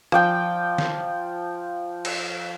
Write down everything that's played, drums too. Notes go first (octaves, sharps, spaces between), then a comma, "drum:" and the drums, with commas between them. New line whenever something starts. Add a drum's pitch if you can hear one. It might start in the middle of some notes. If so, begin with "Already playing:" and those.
F3 D5 G5, drum: rim click
drum: snare
drum: cymbal